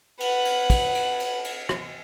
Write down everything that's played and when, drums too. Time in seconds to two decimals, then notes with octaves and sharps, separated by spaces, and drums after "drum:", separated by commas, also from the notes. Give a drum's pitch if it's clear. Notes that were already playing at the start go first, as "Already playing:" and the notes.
0.20 B4 F#5, drum: cymbal
0.45 drum: cymbal
0.70 drum: kick, cymbal
0.95 drum: cymbal
1.20 drum: cymbal
1.44 drum: cymbal
1.69 drum: rim click